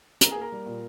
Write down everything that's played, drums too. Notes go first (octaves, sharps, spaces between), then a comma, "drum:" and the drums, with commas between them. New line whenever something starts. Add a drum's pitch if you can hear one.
A#3 A#4 A#5, drum: hi-hat
A#3 G#4 G#5
A#4 A#5
G3
A#2